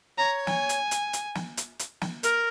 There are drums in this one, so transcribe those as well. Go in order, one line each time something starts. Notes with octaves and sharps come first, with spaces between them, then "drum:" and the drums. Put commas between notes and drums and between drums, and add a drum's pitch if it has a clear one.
C#5 A#5
G#5, drum: snare
drum: hi-hat
drum: hi-hat
drum: hi-hat
drum: snare
drum: hi-hat
drum: hi-hat
drum: snare
A#4, drum: hi-hat